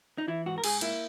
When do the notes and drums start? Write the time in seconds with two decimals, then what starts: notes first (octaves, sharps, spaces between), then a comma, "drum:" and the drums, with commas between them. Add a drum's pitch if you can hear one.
0.18 D#4
0.28 E3 E4
0.46 G#2 F#4
0.58 A#4
0.64 G#2 G#4, drum: cymbal
0.81 A#3 E4, drum: hi-hat